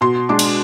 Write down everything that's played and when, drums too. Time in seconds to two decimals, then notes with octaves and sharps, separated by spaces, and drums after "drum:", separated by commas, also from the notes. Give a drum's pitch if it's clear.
0.01 B2 C6
0.29 G#3 D4 D6
0.39 drum: cymbal